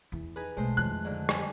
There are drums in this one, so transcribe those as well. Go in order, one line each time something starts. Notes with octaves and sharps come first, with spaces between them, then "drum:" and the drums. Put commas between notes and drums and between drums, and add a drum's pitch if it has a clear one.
E2
D#4 G#4 B4
B1 G#3 A3 C5
F2 D#3 F#6
G#2 D3
G3 G#5, drum: rim click